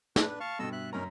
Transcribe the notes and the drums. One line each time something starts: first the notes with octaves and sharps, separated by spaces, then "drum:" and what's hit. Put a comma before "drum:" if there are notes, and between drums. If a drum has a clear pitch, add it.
D4 B4, drum: snare
F5 A5 C#6
G2 B2 A4 D#5 E6
E5 F#6
F#2 C#4 D#4 A#4 A#5